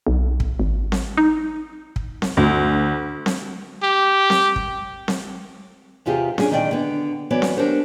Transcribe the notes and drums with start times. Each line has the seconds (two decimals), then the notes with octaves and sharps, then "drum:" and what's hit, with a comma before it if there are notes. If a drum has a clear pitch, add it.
0.07 B1
0.40 drum: kick
0.60 G#1
0.92 drum: snare C4
1.17 D#4
1.96 drum: kick
2.22 drum: snare C4
2.37 D2
3.26 drum: snare C4
3.83 G4
4.30 drum: snare C4
4.56 drum: kick
5.08 drum: snare C4
6.06 E2 C3 F4 G4 G#4
6.38 C#4 D4 G#4, drum: snare C4
6.51 A#2 D#3 E3 D#4 D5 G5
6.71 D3 B3
7.31 E3 F#3 B3 C#5 D5
7.42 drum: snare C4
7.57 D4 G4 A#4 C5 C#5